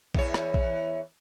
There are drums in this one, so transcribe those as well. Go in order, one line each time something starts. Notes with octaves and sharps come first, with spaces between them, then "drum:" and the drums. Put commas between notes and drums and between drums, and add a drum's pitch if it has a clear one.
E2 E3 C#5, drum: kick A#1
drum: rim click
drum: kick A#1